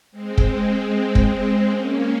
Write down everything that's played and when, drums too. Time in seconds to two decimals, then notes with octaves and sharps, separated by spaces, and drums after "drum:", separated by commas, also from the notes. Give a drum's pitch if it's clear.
0.12 G#3 C4
0.38 drum: kick
1.15 drum: kick
1.66 A#3 C#4